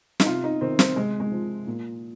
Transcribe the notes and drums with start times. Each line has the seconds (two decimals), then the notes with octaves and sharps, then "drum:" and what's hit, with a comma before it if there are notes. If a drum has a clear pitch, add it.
0.20 D#4, drum: snare
0.26 C3 F4
0.44 D#4
0.61 D#3 C4
0.79 C4, drum: snare
0.96 C3 G#3
1.20 G#3
1.31 F3
1.67 A#2